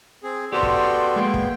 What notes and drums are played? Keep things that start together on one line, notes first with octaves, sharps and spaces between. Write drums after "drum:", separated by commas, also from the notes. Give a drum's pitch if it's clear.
C4 G#4
B3 F#4 G4 A4 C5 D5 G5 C6
drum: kick
G#3 A#3
drum: kick